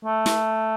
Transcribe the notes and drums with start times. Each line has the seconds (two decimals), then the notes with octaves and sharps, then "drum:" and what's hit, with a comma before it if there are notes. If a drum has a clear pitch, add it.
0.05 A3
0.26 drum: snare